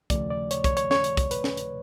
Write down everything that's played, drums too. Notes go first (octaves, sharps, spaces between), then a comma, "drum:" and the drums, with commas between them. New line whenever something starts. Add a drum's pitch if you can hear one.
D#2 C#3 F3 A3 D5, drum: kick, hi-hat
D5
C#5, drum: hi-hat
C#5, drum: kick, hi-hat
C#5, drum: hi-hat
C#5, drum: snare
drum: hi-hat
drum: kick, hi-hat
B4, drum: hi-hat
drum: snare
drum: hi-hat